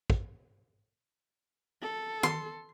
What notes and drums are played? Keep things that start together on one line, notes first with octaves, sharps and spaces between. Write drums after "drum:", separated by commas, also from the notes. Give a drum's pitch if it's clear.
drum: kick
A4
C6, drum: tom